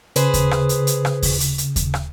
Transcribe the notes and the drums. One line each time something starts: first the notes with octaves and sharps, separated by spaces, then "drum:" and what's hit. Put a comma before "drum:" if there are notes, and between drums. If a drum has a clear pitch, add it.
C#3 G#4 B4 C5, drum: hi-hat
drum: kick D#2, hi-hat
drum: rim click
drum: hi-hat
drum: hi-hat
drum: rim click
drum: kick D#2, open hi-hat
drum: hi-hat
drum: hi-hat
drum: kick D#2, hi-hat
drum: rim click